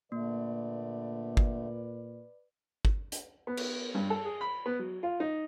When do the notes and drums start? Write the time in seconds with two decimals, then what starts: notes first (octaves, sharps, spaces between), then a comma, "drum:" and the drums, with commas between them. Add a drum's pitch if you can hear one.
0.12 A#2 D3 A3 A#3 B4 D5
1.37 drum: kick
2.85 drum: kick
3.12 drum: hi-hat
3.47 B3
3.57 drum: cymbal
3.94 G2
4.10 A4
4.25 G#4
4.41 B5
4.66 B3
4.79 F#3
5.03 F4
5.20 D#4